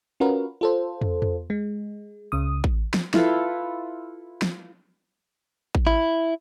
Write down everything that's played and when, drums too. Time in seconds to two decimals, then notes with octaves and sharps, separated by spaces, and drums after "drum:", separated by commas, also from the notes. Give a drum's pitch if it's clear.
0.20 C#4 F4 F#4 A#4 B4
0.61 F4 A4 C5
1.01 drum: tom
1.22 drum: tom
1.50 G#3
2.32 C#2 C#3 D#6
2.64 drum: kick A1
2.94 drum: snare
3.14 E4 F4 A4 B4, drum: snare
4.42 drum: snare
5.75 drum: kick A1
5.87 E4